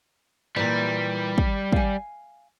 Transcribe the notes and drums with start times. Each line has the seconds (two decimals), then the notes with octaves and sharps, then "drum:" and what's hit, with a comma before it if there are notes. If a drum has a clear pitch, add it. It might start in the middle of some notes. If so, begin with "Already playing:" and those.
0.56 A#2 E3 G3
1.38 drum: kick
1.72 F5 G#5, drum: kick